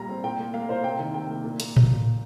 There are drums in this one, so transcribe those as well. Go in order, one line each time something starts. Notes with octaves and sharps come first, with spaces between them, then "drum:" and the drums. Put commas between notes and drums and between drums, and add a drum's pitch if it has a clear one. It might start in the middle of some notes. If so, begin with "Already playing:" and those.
Already playing: A#2 G3 A#5
C4
A#2 G5
A#3
A#3 F5
A#2 C5
C3 G5
D#3
C3 G5
A#3
A#2
A#3, drum: hi-hat
drum: tom A2